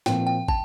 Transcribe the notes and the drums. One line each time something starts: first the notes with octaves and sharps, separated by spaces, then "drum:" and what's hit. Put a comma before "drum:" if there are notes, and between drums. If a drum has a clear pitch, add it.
A#2 F3 C4 G5, drum: snare
G5
A5, drum: kick